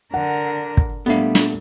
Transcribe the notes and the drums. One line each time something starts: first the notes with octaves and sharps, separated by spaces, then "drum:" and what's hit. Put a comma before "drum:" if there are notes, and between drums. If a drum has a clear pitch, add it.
D3 A#4 F#5
drum: kick
A#2 G3 A3 B3 D4 E5 F5
drum: snare